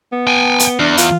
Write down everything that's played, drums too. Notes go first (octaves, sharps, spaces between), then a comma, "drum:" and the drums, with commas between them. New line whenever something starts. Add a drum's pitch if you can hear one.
B3
G5 G#5
drum: hi-hat
E2 D4
F4, drum: hi-hat